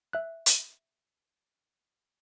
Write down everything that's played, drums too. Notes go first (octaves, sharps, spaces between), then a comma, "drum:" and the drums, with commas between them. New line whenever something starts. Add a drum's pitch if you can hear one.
E5 F#6
drum: hi-hat